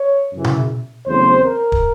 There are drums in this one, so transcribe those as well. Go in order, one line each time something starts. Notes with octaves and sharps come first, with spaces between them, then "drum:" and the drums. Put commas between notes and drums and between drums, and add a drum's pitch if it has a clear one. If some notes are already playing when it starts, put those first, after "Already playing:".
Already playing: C#5
F#2 C#3 E3
drum: tom B2
E2 C#3 F#3 A3 C4 C5
A#4
drum: kick